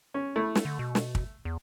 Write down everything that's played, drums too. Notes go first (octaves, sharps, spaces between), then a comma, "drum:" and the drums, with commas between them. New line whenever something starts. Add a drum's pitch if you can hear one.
C#4
A3 E4
drum: snare
D3
B2
drum: snare
drum: kick
E2